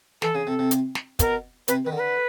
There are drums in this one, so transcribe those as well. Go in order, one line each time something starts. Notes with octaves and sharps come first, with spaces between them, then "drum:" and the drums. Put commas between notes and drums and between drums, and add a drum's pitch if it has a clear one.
E3 A4, drum: snare
C#3 G#4
C3 A4
C3
drum: hi-hat
drum: snare
B2 A#4, drum: kick, hi-hat
C3 B4, drum: hi-hat
D#3 B4
D3 A#4
B4